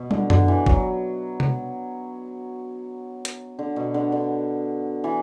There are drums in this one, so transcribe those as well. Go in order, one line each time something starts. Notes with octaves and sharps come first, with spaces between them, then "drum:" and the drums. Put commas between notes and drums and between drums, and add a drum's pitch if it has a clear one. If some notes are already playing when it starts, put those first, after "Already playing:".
Already playing: B2
D3, drum: tom
D3, drum: tom F#2
E3
F#3, drum: kick
drum: tom C3
drum: hi-hat
D3
B2
D3
D3
E3